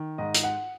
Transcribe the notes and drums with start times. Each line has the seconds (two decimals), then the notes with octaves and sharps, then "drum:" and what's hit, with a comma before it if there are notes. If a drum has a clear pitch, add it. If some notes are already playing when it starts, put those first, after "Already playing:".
Already playing: D#3
0.18 G#2 D#5
0.34 drum: hi-hat
0.44 F#5